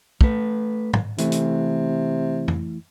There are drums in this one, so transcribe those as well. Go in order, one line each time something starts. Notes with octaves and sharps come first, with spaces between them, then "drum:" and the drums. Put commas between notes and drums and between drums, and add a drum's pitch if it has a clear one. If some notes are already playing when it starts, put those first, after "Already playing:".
A3 B4, drum: kick
drum: tom
C3 E3 A3, drum: hi-hat
drum: hi-hat
drum: tom F2